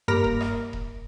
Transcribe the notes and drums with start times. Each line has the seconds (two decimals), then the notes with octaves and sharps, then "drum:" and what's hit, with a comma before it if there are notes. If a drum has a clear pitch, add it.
0.08 G2 A#3 A#4 B5 D7
0.24 drum: kick E1
0.41 drum: rim click
0.73 drum: kick E1